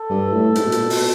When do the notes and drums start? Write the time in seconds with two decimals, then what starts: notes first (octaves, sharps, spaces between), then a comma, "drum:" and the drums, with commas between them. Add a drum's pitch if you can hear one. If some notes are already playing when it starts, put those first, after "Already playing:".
Already playing: A4
0.10 G2
0.33 A2
0.50 A2
0.55 G#2, drum: hi-hat
0.66 B2
0.72 A#2, drum: hi-hat
0.90 B2, drum: open hi-hat